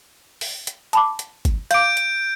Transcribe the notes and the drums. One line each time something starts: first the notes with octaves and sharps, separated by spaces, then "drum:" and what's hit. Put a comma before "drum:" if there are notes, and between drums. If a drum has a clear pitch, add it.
drum: open hi-hat
drum: hi-hat
A5 B5 D6, drum: hi-hat
drum: hi-hat
drum: kick, hi-hat
F5 D6 G6 D7, drum: hi-hat
drum: hi-hat